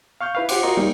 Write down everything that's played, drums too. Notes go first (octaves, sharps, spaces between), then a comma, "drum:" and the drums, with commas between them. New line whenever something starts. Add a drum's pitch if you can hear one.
F5 C#6 F6 G6
E4 B4 F5
F4 G4 C5 F#5 D6, drum: cymbal
F4 F#4 A#4 D#5 A#5 C6
G3 A#3 D#4